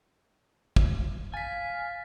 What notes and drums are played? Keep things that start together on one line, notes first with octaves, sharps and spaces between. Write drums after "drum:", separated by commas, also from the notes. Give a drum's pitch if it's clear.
drum: kick
F5 G#5 A6 B6